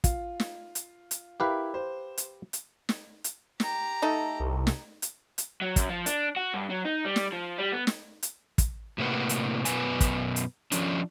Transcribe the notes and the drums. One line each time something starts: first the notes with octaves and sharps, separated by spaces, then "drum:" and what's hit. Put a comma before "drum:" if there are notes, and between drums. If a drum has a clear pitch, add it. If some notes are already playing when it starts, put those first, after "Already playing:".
F4, drum: kick, hi-hat
drum: snare
drum: hi-hat
drum: hi-hat
E4 G4 A#4 B4 F5
C5
drum: hi-hat
drum: hi-hat
drum: snare
drum: hi-hat
G4 A#5, drum: snare
A3 D#4 A4
C2
drum: snare
drum: hi-hat
drum: hi-hat
F#3
F#2, drum: kick, hi-hat
F3
D4, drum: hi-hat
F#4
G2
F#3
D#4
G3
drum: snare
F3
G3
B3
drum: snare
drum: hi-hat
drum: kick, hi-hat
A2 C3 A#3 B4 F#5
drum: hi-hat
F#2 B2 B3 B4 G#5, drum: hi-hat
drum: kick, hi-hat
drum: hi-hat
F3 C#4 D4, drum: hi-hat